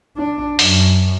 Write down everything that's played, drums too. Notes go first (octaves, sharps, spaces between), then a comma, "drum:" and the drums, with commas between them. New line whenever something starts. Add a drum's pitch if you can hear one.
D4
F#2, drum: open hi-hat